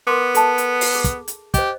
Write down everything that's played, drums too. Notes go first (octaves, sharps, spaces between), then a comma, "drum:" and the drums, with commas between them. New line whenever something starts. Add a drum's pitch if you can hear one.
B3 A#4 C6 D6
A4 A5, drum: hi-hat
drum: hi-hat
drum: open hi-hat
G#4
drum: kick, hi-hat
drum: hi-hat
G4 C5 D#5, drum: kick, hi-hat